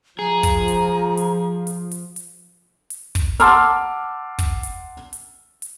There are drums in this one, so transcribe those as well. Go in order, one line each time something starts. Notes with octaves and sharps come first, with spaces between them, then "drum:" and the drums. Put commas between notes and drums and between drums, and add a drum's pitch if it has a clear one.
F3 G#4 A#5
drum: kick, hi-hat
drum: hi-hat
drum: hi-hat
drum: hi-hat
drum: hi-hat
drum: hi-hat
drum: hi-hat
drum: kick, hi-hat
F#5 A5 C6 D6 E6 F6, drum: hi-hat
drum: kick, hi-hat
drum: hi-hat
drum: hi-hat
drum: hi-hat